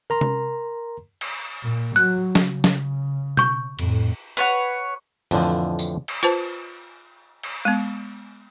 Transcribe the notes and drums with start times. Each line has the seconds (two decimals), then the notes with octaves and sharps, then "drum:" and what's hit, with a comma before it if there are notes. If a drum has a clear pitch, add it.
0.10 A#4 A#5 C6
0.21 drum: tom C3
1.21 drum: cymbal
1.63 A#2
1.96 F#3 F#6
2.35 C#3, drum: snare
2.64 drum: snare
3.37 C#6 G6, drum: tom B2
3.79 F2 A2, drum: cymbal
4.37 B4 C#5 F#5, drum: hi-hat
5.31 F2 A2 D3 E3 F3, drum: open hi-hat
5.79 drum: tambourine
6.08 drum: cymbal
6.23 F4 B4 C5 A5, drum: hi-hat
7.43 drum: cymbal
7.65 G#3 B3